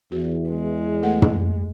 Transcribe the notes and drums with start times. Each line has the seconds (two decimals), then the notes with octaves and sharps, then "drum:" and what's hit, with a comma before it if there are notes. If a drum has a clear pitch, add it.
0.12 E2 F#4
0.49 G#3
1.03 A3 A4 F#5
1.22 drum: tom